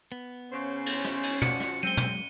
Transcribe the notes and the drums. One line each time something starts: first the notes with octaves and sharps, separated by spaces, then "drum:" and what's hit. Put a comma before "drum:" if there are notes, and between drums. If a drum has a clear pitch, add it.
B3
C#3 C#4 C5
drum: cymbal
drum: rim click
drum: cymbal
F3 F#4 D5 C#7, drum: tom
drum: rim click
F#3 G#3 C4 D#7 G7
drum: tom